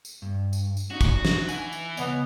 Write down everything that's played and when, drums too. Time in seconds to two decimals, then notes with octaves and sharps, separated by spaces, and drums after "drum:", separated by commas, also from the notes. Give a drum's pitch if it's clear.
0.05 drum: tambourine
0.22 G2
0.53 drum: tambourine
0.77 drum: tambourine
0.91 C#4 D#4 F#4
1.01 drum: kick, tambourine
1.25 drum: snare
1.49 E3 G#5, drum: tambourine
1.73 drum: tambourine
1.97 C#3 B3 C#5 D#5, drum: tambourine